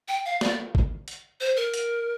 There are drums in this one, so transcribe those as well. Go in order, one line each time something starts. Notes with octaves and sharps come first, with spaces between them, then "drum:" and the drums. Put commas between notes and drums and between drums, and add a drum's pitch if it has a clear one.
G5
F5
D5, drum: snare
drum: kick G#1
drum: hi-hat
C5
A#4
drum: hi-hat